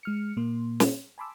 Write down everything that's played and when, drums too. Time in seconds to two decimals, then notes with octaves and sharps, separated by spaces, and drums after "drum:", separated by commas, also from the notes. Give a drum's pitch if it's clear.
0.03 G#3 F6 C#7
0.37 A#2 A#3 C6
0.80 drum: snare
1.18 G#5 A5 B5 C6 D6 E6